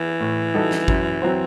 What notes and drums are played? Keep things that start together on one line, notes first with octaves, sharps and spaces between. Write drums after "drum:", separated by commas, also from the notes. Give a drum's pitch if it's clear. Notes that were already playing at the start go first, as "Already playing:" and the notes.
Already playing: E3
A2
G3 D#4 F#4 A4
drum: snare
F#2, drum: kick G#1
F#3 C4 F#4 C5